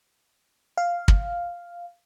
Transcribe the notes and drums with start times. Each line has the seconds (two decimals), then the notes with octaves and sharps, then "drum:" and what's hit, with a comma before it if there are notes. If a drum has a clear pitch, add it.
0.77 F5
1.08 drum: kick